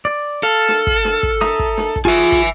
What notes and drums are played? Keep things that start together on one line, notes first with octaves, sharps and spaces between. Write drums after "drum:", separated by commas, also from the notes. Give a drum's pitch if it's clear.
D5
A4 F5
drum: snare
drum: kick
drum: snare
drum: kick
E5 A#5 D#6, drum: snare
drum: kick
drum: snare
drum: kick
F4 F#4 G#4 E5 G#5
drum: kick